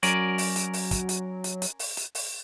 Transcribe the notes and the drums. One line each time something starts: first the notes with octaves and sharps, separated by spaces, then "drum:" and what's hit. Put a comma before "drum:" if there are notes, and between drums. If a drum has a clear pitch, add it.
F#3 C#4 A#4 D5, drum: hi-hat
drum: open hi-hat
drum: hi-hat
drum: open hi-hat
drum: kick, hi-hat
drum: hi-hat
drum: hi-hat
drum: hi-hat
drum: open hi-hat
drum: hi-hat
drum: open hi-hat